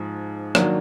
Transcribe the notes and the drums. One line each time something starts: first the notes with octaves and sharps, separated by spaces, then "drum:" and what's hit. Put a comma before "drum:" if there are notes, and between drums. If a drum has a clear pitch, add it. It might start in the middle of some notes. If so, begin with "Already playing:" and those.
Already playing: G#2 F3
D#3 F#3 A#3 D4, drum: rim click